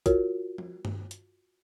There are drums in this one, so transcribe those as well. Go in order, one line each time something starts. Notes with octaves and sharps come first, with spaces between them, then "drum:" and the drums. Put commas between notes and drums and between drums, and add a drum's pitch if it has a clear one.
F4 F#4 A#4 C#5, drum: kick, hi-hat
drum: tom F3
drum: tom G2
drum: hi-hat